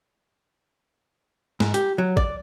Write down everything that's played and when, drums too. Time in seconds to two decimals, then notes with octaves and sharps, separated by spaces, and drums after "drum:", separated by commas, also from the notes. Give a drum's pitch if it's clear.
1.60 G#2, drum: snare
1.74 G4, drum: hi-hat
1.98 F#3
2.17 D5, drum: kick G#1